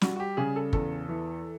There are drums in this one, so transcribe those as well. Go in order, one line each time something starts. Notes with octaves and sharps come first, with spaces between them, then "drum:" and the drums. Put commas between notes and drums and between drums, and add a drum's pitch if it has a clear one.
G3 F#4, drum: snare
F#4
G4
C#3 G#4
A4
E2 A4, drum: kick
E3